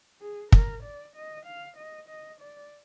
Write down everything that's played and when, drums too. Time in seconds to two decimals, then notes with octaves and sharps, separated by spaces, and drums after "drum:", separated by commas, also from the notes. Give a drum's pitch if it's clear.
0.21 G#4
0.52 A#4, drum: kick
0.84 D5
1.16 D#5
1.46 F5
1.78 D#5
2.09 D#5
2.41 D5